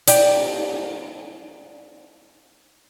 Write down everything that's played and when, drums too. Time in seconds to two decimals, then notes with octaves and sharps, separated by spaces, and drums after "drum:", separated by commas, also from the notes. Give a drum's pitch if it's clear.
0.08 G4 D5, drum: hi-hat